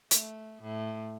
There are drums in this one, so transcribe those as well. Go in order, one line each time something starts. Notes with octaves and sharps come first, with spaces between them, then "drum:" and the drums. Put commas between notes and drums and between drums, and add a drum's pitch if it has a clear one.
A3, drum: hi-hat
A2